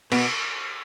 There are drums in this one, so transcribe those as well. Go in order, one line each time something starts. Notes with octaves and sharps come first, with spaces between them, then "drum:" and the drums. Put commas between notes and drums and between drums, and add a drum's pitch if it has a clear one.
B2 B3, drum: cymbal